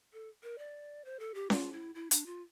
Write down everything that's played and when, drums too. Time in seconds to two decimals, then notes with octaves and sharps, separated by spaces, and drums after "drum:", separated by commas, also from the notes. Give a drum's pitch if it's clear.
0.13 A4
0.43 A#4
0.58 D5
1.05 C5
1.20 A4
1.34 G4
1.50 F4, drum: snare C#4
1.72 E4
1.95 E4
2.11 D4, drum: hi-hat
2.26 F4